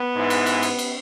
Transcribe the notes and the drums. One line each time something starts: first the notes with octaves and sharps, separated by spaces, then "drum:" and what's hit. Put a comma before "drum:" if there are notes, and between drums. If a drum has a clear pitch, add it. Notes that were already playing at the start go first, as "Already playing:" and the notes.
Already playing: B3
G#2 E3
drum: cymbal
drum: cymbal
drum: cymbal
drum: cymbal